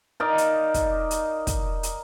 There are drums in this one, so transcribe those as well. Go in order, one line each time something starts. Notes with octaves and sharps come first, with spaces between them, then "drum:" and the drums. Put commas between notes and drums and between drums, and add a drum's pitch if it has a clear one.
D#4 A#4 D5 F5
drum: hi-hat
drum: kick, hi-hat
drum: hi-hat
drum: kick, hi-hat
drum: hi-hat